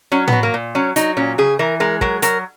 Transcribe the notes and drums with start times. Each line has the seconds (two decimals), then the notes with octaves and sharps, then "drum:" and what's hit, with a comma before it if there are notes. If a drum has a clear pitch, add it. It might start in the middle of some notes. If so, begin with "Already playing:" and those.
0.12 F#3 C#4
0.28 F#3 B3, drum: tom A2
0.43 A#3
0.54 A#2
0.75 F#3 C#4
0.96 F#3 D#4, drum: hi-hat
1.17 A#2 C#4
1.38 C#3 G#4
1.59 E3 A#4
1.80 G#3 A#4
2.01 F#3 A#4, drum: kick
2.22 F#3 A#4, drum: hi-hat